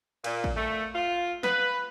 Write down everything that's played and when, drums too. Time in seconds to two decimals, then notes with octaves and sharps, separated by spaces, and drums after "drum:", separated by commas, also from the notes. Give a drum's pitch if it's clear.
0.24 A#2, drum: cymbal
0.44 drum: kick A1
0.56 A3
0.94 F4
1.43 B4, drum: snare